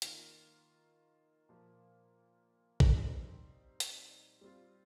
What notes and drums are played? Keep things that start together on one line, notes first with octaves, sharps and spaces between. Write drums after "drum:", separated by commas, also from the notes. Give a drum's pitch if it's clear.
D#3 A#3 F4, drum: hi-hat
A#2 F3 A#3
drum: kick
G3 C4 D#4
drum: hi-hat
G3 C4 F4